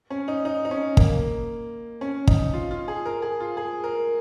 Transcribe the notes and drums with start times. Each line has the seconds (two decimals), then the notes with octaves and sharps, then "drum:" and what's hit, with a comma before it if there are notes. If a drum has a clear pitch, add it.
0.10 C#4
0.28 D#4
0.45 D#4
0.65 D#4
0.71 C#4
0.97 A#3, drum: kick
2.01 C#4
2.27 D#4, drum: kick
2.53 F4
2.71 F4
2.88 G#4
3.06 A#4
3.22 G#4
3.40 F4
3.57 G#4
3.84 A#4